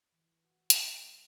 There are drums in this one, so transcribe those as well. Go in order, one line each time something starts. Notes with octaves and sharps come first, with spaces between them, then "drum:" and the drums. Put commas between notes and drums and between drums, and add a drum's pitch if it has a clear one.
E3
F#4
B4, drum: hi-hat
A3